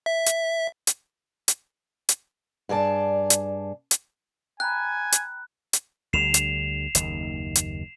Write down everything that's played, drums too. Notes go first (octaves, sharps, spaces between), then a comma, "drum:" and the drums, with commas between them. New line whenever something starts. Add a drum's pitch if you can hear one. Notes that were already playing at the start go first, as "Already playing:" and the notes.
E5
drum: hi-hat
drum: hi-hat
drum: hi-hat
drum: hi-hat
G2 G#4 D5 A5
drum: hi-hat
drum: hi-hat
G5 G#5 A#5 B5 F#6
drum: hi-hat
drum: hi-hat
D2 D3 G3 C7 E7 F7
drum: hi-hat
F#1 D#2 D#3, drum: hi-hat
drum: hi-hat